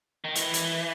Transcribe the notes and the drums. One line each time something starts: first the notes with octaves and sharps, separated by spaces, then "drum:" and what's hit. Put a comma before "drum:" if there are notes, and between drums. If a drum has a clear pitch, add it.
D#3
E3, drum: hi-hat
drum: hi-hat